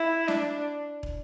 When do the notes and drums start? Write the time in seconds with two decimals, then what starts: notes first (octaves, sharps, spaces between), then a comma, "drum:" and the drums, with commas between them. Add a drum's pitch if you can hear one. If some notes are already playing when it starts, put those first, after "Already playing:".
Already playing: E4
0.28 D4, drum: snare
1.03 drum: kick